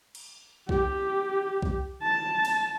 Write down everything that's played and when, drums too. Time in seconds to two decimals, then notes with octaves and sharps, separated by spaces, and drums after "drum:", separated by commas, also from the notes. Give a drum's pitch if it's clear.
0.15 drum: cymbal
0.69 G4, drum: kick B1
1.62 drum: kick B1
2.03 A5
2.45 drum: cymbal